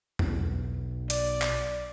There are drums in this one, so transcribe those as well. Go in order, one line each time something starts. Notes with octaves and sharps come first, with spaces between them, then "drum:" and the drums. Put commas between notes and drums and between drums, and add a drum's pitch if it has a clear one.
B1, drum: tom E2
D5, drum: hi-hat
drum: clap